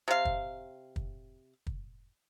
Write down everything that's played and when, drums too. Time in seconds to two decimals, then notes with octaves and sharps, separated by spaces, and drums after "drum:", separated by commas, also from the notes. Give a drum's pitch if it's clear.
0.08 C3 F5
0.25 drum: kick
0.96 drum: kick
1.67 drum: kick